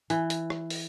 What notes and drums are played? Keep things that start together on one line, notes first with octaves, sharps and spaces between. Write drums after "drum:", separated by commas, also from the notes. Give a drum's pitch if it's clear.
E3, drum: hi-hat
drum: hi-hat
drum: rim click
drum: open hi-hat